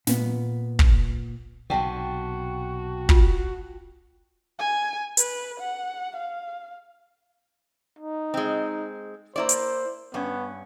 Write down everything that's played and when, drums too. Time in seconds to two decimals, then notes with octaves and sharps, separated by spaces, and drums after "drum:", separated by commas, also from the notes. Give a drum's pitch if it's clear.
0.07 A#2 B3, drum: snare
0.79 drum: kick
1.70 B1 C3 F#4 G5 A5
3.09 F4, drum: kick
4.59 G#5
5.17 B4, drum: hi-hat
5.60 F#5
6.16 F5
7.99 D#4
8.34 G#3 C4
9.36 A#3 E4 C5 D5
9.49 drum: hi-hat
10.14 G2 B3 C#4